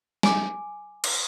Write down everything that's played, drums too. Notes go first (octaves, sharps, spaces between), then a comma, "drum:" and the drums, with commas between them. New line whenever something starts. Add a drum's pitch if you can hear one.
G#5 D6, drum: snare
drum: cymbal